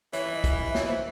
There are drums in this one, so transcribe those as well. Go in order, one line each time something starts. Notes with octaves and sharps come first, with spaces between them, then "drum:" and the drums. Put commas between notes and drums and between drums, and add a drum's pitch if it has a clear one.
E3 C#5, drum: hi-hat
E5
D#5
drum: kick, hi-hat
E5
C#5, drum: snare
C5